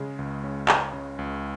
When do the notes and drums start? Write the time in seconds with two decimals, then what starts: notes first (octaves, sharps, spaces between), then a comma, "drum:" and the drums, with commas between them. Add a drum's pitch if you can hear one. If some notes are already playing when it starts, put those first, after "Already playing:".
Already playing: C#3 G#3
0.19 C#2
0.44 C#4
0.68 G#3, drum: clap
0.93 C#3
1.19 C#2